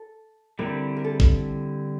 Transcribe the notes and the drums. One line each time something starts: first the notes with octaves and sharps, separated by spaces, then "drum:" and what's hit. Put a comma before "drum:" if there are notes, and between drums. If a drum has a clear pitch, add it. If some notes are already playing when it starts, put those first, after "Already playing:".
Already playing: A4
D3 G3 C4 E4 A#4
A#4
A4
drum: kick G#1